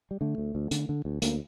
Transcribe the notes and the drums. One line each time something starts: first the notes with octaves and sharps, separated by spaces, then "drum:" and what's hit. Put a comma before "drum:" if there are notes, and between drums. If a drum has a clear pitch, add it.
G3
D3 A3
D2
D2
D3, drum: hi-hat
D3
D2
D2 A#3, drum: hi-hat